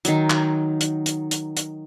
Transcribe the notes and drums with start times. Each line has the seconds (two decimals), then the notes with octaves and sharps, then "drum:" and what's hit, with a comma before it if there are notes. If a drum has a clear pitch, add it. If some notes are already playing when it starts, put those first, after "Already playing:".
0.05 D#3 F#3, drum: hi-hat
0.30 drum: clap
0.81 drum: hi-hat
1.06 drum: hi-hat
1.31 drum: hi-hat
1.57 drum: hi-hat